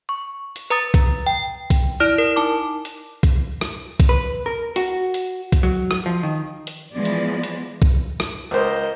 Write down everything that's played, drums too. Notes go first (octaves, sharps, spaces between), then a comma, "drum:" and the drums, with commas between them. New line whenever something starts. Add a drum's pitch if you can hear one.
C#6
drum: hi-hat
B4 A#5 D#6 A6
drum: kick B1, hi-hat
G5
drum: kick B1, hi-hat
E4 D5 F6 F#6 D7
A#4
D#4 A5 D6
drum: hi-hat
drum: kick B1, hi-hat
drum: rim click
drum: kick B1, hi-hat
B4
A#4
F#4, drum: hi-hat
drum: hi-hat
drum: kick B1, hi-hat
F#3
drum: rim click
F3
D#3
drum: hi-hat
E3 F3 G#3 B3 D5
drum: hi-hat
drum: hi-hat
drum: kick B1
drum: rim click
C#2 A#4 C5 D#5